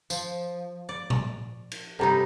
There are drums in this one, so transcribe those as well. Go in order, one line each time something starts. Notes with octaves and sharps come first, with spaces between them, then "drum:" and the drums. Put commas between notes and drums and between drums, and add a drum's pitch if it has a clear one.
F3, drum: tambourine
D5
drum: tom A#2
drum: cymbal
C3 G3 D#4 A4 A#5